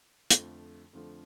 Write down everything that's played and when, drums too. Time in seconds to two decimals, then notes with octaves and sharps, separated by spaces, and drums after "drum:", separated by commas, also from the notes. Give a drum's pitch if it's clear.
0.31 F2 D3 F3 A3, drum: hi-hat
0.93 F2 D3 F3 A3